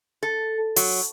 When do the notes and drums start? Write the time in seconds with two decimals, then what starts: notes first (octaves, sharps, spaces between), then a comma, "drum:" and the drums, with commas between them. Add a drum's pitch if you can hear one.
0.23 A4
0.76 F#3, drum: open hi-hat